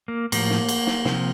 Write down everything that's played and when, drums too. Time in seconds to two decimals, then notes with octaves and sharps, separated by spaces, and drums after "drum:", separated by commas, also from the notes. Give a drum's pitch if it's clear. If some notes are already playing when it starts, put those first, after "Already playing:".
0.08 A#3
0.32 A2 F3 A#3, drum: cymbal
0.50 drum: snare
0.69 drum: cymbal
0.87 drum: snare
1.05 C3 F3, drum: snare